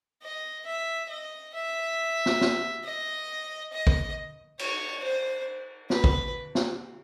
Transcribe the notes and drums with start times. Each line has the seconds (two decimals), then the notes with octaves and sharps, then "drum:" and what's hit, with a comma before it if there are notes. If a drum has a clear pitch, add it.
0.23 D#5
0.66 E5
1.10 D#5
1.54 E5
2.26 drum: snare
2.41 drum: snare
2.84 D#5
3.72 D#5
3.87 drum: kick
4.59 C#5, drum: cymbal
5.03 C5
5.90 B4, drum: snare
6.04 drum: kick
6.55 drum: snare